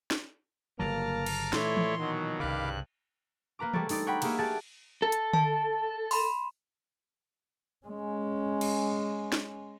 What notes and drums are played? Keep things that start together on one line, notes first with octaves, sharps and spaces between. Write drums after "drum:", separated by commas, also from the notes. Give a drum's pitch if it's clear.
drum: snare
G1 C#3 F#3 A#3 A5 A#5 D6 F6
drum: cymbal
A#2 E3 A3 E4 C#5 D5 C6, drum: snare
drum: tom E3
B2 D#3 F#3
C2 G2 C#3 F5 B5 D6 F#6
A#3 B4 A#5 D6
G3 A3 A4 C#5 D5, drum: tom E3
G3 D#4 C5 D5, drum: open hi-hat
C#5 F#5 G5 A#5 B5
G#3 A#3 G4 G#4 C#5 E5, drum: cymbal
G4 G#4 D5 F#5 A5
A4
drum: hi-hat
A5, drum: tom D3
B5 C6, drum: open hi-hat
G#3 C#4
drum: cymbal
drum: snare